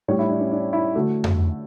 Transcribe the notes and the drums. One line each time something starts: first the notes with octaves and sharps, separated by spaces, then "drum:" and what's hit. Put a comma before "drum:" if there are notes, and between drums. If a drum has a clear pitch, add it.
A2 G3 C#5
E4
D4
C#4
D4
E4
D3 A3 F#4
drum: tom F2